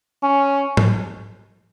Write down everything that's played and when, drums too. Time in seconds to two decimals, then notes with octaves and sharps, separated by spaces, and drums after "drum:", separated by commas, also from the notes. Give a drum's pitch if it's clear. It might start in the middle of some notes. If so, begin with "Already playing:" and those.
0.23 C#4
0.77 drum: tom